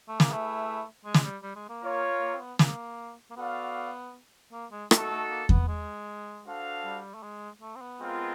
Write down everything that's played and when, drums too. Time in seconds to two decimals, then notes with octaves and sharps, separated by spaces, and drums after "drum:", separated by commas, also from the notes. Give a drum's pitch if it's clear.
0.08 A3
0.20 A#3, drum: snare
0.28 A3 E4 G#4 B4 E5
1.05 G#3
1.14 drum: snare
1.24 G3
1.43 G3
1.56 G#3
1.69 A#3
1.82 F4 A#4 C#5
2.21 A#3
2.34 C4
2.40 B3
2.59 A#3, drum: snare
3.30 A#3
3.36 B3 F#4 A4 D5 F5
4.52 A#3
4.72 G#3
4.91 A3 D#4 F#4 A4, drum: rim click
5.10 A3
5.30 A#3
5.49 B3, drum: kick E2
5.68 G#3
6.46 D4 F#4 A4 C5 F5
6.85 G3
7.14 A3
7.23 G#3
7.61 A3
7.76 C4
7.81 B3
8.00 G#3 C4 F4 A#4